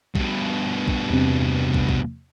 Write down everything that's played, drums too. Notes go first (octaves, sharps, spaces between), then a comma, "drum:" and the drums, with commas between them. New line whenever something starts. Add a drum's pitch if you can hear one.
G2 B2, drum: kick
drum: kick
E2 C3
drum: kick
drum: kick